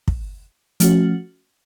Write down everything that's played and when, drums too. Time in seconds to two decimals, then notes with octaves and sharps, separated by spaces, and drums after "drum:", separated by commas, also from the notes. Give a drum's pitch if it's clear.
0.08 drum: kick
0.80 F3 A3 C#4 F#4, drum: hi-hat